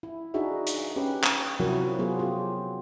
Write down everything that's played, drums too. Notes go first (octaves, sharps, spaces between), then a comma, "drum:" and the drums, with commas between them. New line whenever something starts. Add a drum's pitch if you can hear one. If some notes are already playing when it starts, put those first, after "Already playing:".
E4
D4 D#4 F#4 G#4 E5
drum: hi-hat
C#4 G4 B4
drum: clap
C3 F3 F#3 E4 F#4 A#4
F#3 B3 F4 G#4
F4 G4